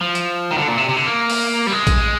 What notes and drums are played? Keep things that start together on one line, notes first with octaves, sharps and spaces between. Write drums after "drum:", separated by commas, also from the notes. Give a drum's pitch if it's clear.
F3
drum: hi-hat
D#3
D3
A#2
C3
C3
D3
A#3
drum: open hi-hat
G3
G#3
drum: kick A#1, hi-hat